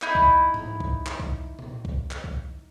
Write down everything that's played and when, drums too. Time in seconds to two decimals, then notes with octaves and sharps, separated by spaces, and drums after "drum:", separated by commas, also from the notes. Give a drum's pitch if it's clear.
0.02 D#4 E4 D#6, drum: clap
0.15 drum: kick C2
0.54 drum: tom G#2
0.80 drum: kick C2
1.06 drum: clap
1.20 drum: kick C2
1.59 drum: tom A#2
1.85 drum: kick C2
2.11 drum: clap
2.24 drum: kick C2